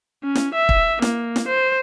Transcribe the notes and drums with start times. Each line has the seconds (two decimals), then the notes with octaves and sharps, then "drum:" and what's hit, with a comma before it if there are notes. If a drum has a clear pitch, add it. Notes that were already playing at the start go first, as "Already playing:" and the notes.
0.24 C#4
0.35 drum: snare
0.54 E5
0.69 drum: kick
1.02 A#3, drum: snare
1.36 drum: snare
1.48 C5